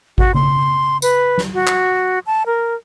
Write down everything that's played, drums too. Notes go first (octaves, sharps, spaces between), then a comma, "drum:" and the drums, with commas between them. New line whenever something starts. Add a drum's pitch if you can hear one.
F#4, drum: kick G#1
C6, drum: tom C#3
B4, drum: tambourine
drum: snare
F#4
drum: clap
A5
A#4